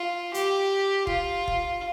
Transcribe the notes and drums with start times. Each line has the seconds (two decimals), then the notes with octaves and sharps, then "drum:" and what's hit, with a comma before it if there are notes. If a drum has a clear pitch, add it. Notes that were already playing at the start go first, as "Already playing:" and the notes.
Already playing: F4
0.34 G4, drum: hi-hat
1.07 F4, drum: kick
1.48 drum: kick